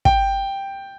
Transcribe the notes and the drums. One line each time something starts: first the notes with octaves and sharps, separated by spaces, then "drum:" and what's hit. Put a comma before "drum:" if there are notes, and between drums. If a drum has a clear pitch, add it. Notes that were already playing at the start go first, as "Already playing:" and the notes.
G5, drum: kick